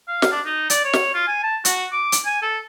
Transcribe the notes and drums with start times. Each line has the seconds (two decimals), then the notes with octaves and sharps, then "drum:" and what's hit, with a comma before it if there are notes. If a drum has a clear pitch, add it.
0.08 F5
0.22 drum: snare
0.31 D4
0.45 D#4
0.70 D5, drum: hi-hat
0.84 C#5
0.93 drum: snare
1.14 F4
1.27 G#5
1.43 A5
1.65 F#4, drum: hi-hat
1.92 D6
2.12 drum: hi-hat
2.25 G#5
2.42 A4